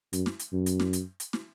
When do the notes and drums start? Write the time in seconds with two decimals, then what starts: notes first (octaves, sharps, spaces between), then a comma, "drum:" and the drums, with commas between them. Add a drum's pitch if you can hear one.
0.13 F#2, drum: hi-hat
0.26 drum: snare
0.39 drum: hi-hat
0.53 F#2
0.66 drum: hi-hat
0.80 drum: snare
0.93 drum: hi-hat
1.20 drum: hi-hat
1.33 drum: snare